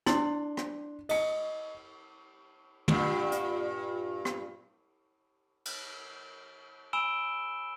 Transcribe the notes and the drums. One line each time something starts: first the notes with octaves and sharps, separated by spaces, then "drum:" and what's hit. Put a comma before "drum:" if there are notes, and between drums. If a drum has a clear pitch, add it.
D4 E4 C6, drum: snare
drum: rim click
D#5 C#7, drum: cymbal
G2 A#2, drum: tom
drum: hi-hat
drum: rim click
drum: cymbal
G#5 B5 E6 D7 E7 G7